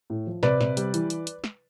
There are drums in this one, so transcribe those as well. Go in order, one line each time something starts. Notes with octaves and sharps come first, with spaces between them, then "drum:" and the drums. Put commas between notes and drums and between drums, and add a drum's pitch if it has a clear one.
A2
F3
C3 B4 D5, drum: snare
C3, drum: snare
G3, drum: hi-hat
E3, drum: hi-hat
drum: hi-hat
drum: hi-hat
drum: snare